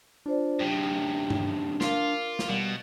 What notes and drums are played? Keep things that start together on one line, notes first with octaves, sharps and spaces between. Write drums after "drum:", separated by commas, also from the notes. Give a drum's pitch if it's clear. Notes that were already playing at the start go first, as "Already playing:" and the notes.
D4 F4 C5 D5
F#2 C3 G5
drum: tom G2
F4 A#4 F5 D6, drum: snare
drum: snare
B2 G3